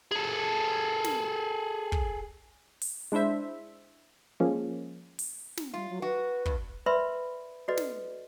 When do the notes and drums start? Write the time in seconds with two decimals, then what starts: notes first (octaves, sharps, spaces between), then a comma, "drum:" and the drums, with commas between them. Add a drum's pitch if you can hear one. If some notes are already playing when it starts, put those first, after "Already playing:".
0.12 G#4 A4
1.04 drum: snare
1.92 drum: kick
2.82 drum: open hi-hat
3.12 G#3 D4 E4 C5 E5
4.40 F3 G#3 A#3 C#4
5.19 drum: open hi-hat
5.57 drum: snare
5.73 G3 F4
5.89 F#3
6.02 F#4 B4
6.46 G2, drum: kick
6.86 A#4 B4 D5 E5 B5 C6
7.68 F#4 A4 B4 D5 D#5
7.77 drum: snare